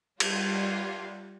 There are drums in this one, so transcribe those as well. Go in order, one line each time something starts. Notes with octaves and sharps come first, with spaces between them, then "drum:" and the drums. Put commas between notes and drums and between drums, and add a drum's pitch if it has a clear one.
G3 F4, drum: cymbal